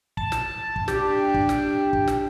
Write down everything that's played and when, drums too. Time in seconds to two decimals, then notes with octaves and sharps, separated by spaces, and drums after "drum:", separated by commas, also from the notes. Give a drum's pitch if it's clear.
0.17 A5, drum: kick
0.32 drum: snare
0.76 drum: kick
0.88 D4 G4, drum: snare
1.34 drum: kick
1.49 drum: snare
1.93 drum: kick
2.08 drum: snare